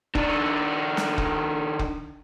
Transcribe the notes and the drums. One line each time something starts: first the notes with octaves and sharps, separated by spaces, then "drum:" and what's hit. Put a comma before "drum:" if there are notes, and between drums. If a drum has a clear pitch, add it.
D#3 D4, drum: kick F1
drum: snare
drum: kick F1
drum: kick F1